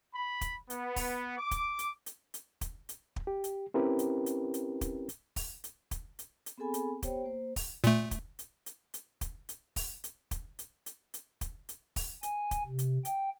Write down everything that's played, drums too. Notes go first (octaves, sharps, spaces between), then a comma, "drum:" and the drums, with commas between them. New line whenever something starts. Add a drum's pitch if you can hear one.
B5
drum: kick, hi-hat
B3, drum: hi-hat
drum: kick, open hi-hat
D6
drum: kick, hi-hat
drum: hi-hat
drum: hi-hat
drum: hi-hat
drum: kick, hi-hat
drum: hi-hat
drum: kick
G4
drum: hi-hat
C4 C#4 E4 G4 A#4 B4
drum: hi-hat
drum: hi-hat
drum: hi-hat
drum: kick, hi-hat
drum: hi-hat
drum: kick, open hi-hat
drum: hi-hat
drum: kick, hi-hat
drum: hi-hat
drum: hi-hat
B3 C4 G#4 A4 G#5 B5
drum: hi-hat
B3 G4 C5 C#5 G5, drum: kick, hi-hat
A#3 C5
drum: kick, open hi-hat
A#2 A3, drum: hi-hat
drum: kick, hi-hat
drum: hi-hat
drum: hi-hat
drum: hi-hat
drum: kick, hi-hat
drum: hi-hat
drum: kick, open hi-hat
drum: hi-hat
drum: kick, hi-hat
drum: hi-hat
drum: hi-hat
drum: hi-hat
drum: kick, hi-hat
drum: hi-hat
drum: kick, open hi-hat
G#5, drum: hi-hat
drum: kick, hi-hat
C3
drum: hi-hat
G5, drum: hi-hat